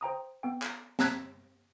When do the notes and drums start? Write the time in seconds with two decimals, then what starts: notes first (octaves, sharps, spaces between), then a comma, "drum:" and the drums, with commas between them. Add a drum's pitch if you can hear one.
0.01 C5 G5 A#5 D#6
0.43 B3 G5
0.62 drum: clap
0.99 A5 A#5 E6 F#6 G#6 B6, drum: snare